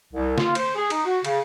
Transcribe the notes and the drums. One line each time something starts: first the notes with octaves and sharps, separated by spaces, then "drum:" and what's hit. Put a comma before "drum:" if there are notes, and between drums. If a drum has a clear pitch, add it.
C2
F4, drum: snare
C5, drum: cymbal
G#4
D#4, drum: cymbal
F#4
C#3, drum: cymbal